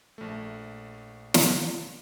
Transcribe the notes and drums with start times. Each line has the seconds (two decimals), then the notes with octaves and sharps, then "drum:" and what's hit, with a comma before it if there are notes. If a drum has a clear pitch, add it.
0.18 A#1 A3
1.34 drum: snare